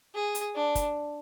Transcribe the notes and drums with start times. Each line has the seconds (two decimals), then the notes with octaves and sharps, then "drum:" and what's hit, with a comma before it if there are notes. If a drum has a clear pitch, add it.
0.15 G#4
0.35 drum: hi-hat
0.55 D4
0.75 drum: kick, hi-hat